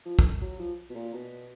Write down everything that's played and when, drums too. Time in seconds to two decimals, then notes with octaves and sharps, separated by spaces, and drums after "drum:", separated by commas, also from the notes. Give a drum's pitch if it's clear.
0.05 F3
0.19 drum: kick
0.42 F#3
0.59 F3
0.89 B2
0.96 A#2
1.13 B2